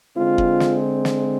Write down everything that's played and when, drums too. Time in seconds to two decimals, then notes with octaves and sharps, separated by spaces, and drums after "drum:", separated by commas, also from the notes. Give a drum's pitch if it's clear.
0.16 D3 G#3 C4 F4
0.38 drum: kick
0.60 drum: snare
1.05 drum: snare